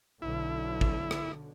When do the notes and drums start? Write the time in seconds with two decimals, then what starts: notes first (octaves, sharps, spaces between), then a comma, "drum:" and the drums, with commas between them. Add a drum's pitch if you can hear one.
0.22 B1 D3 E4
0.81 drum: kick
1.11 drum: rim click